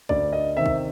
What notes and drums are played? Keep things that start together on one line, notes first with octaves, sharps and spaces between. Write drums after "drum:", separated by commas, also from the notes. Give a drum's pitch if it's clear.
D2 D5, drum: kick
D#5
C3 D#3 E5
drum: kick